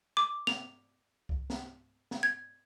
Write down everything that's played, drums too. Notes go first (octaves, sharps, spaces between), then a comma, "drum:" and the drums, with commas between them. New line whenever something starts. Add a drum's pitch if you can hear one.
D6
F7, drum: snare
drum: kick C2
drum: snare
drum: snare
G#6